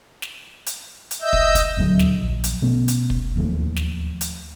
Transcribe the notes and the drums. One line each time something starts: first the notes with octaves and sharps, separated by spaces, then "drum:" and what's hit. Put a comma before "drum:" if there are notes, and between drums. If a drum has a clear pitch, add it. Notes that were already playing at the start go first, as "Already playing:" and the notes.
drum: snare
drum: hi-hat
drum: hi-hat
D#5 E5 E6 G6
drum: kick
drum: kick, hi-hat
D#1 D2 A2 F#3
drum: snare
A#1
drum: hi-hat
B2 A3 B3 C#4
drum: hi-hat
drum: kick
D1 D#2 F3 A3
drum: snare
drum: hi-hat